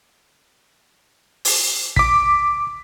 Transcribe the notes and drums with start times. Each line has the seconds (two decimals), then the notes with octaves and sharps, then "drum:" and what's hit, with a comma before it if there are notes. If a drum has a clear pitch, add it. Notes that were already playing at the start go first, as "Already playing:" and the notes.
1.45 drum: open hi-hat
1.96 D6 B6, drum: kick